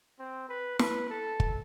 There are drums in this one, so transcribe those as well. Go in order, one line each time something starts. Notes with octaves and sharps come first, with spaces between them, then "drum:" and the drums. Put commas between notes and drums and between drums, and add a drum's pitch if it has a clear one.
C4
B4
B4, drum: snare
A4
drum: kick